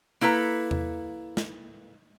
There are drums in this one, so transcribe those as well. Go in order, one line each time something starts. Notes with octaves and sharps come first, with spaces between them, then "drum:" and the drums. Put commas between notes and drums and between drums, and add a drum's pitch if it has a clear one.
A#3 E4 A4 B4 A#5, drum: open hi-hat
drum: tom E2
drum: snare